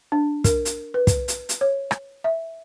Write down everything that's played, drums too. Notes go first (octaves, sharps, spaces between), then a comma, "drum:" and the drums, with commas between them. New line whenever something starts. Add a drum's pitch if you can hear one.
D4
A#4, drum: kick, hi-hat
drum: hi-hat
B4
drum: kick, hi-hat
drum: hi-hat
drum: hi-hat
C#5
drum: rim click
E5